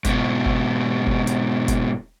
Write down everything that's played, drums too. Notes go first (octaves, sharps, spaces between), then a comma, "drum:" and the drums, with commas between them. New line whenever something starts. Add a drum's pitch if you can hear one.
G#2 B2, drum: kick, hi-hat
drum: kick
drum: kick
drum: hi-hat
drum: kick, hi-hat